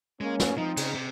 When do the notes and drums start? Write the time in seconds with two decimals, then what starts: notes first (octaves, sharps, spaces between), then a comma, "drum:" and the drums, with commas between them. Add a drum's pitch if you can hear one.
0.21 G#3 A#3 C#4
0.40 drum: snare
0.58 F3 C4 D#4
0.77 C#3, drum: cymbal
0.95 C3